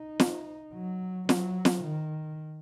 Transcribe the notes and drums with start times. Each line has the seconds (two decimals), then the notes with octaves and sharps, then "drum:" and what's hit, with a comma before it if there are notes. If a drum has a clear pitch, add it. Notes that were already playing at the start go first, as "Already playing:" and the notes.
Already playing: D#4
0.20 drum: snare
0.74 F#3
1.29 F#3, drum: snare
1.65 drum: snare
1.83 D#3